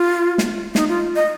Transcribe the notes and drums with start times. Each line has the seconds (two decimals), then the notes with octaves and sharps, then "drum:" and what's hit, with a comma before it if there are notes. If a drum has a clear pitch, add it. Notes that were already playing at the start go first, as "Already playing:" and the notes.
Already playing: F4
0.38 drum: snare
0.75 D#4, drum: snare
0.88 F4
1.16 D#5